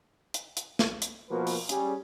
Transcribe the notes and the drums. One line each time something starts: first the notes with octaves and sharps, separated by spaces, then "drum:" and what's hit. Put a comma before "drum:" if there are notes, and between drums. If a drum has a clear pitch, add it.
drum: hi-hat
drum: hi-hat
drum: snare
drum: hi-hat
B2 F3 A#3 F#4 A#4 B4
drum: open hi-hat
G3 C#4 G#4, drum: hi-hat